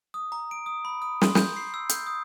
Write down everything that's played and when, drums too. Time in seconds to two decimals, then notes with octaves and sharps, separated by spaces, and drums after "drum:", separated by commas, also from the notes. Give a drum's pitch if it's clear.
0.14 D#6
0.32 A#5
0.51 D7
0.66 D#6
0.85 B5
1.02 D#6
1.21 C6, drum: snare
1.35 G6, drum: snare
1.57 C7
1.74 E6
1.89 G6, drum: hi-hat
2.07 D#6